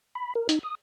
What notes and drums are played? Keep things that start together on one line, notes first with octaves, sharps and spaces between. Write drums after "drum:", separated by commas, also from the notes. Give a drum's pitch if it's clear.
B5
A#4
D#4, drum: hi-hat
D#6